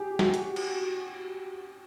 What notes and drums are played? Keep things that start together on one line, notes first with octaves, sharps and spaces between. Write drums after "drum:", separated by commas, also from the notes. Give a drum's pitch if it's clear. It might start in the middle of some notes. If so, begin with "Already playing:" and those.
Already playing: G4 G#4
F#4, drum: snare
drum: hi-hat
drum: cymbal